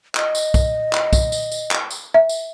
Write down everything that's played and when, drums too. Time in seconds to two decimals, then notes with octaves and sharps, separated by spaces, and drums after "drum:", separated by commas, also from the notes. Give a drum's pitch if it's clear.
0.15 D#5, drum: clap
0.35 drum: tambourine
0.54 drum: kick, tambourine
0.93 drum: clap
1.13 drum: kick, tambourine
1.32 drum: tambourine
1.52 drum: tambourine
1.71 drum: clap
1.90 drum: tambourine
2.14 E5
2.29 drum: tambourine